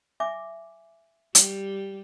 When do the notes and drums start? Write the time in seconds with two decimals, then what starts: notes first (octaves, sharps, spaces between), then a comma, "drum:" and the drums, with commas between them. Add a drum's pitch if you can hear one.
0.20 E5 G#5 D6
1.35 G3 G4, drum: hi-hat